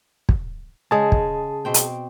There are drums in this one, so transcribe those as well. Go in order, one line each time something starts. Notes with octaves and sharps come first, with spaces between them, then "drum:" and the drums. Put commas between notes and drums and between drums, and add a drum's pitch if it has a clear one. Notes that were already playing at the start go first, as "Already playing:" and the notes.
drum: kick
C#3 G#3 G#4 A5
drum: kick
B2 C4 G5
drum: hi-hat